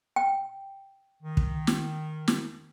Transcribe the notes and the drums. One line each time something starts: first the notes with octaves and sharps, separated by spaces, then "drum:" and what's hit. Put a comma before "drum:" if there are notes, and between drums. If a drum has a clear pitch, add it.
G5
D#3
drum: kick
drum: snare
drum: snare